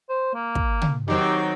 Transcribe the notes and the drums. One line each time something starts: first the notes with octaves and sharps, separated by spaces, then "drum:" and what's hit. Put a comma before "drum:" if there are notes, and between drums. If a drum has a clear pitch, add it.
C5
A#3
drum: kick
drum: tom
D#3 F#3 C4 G4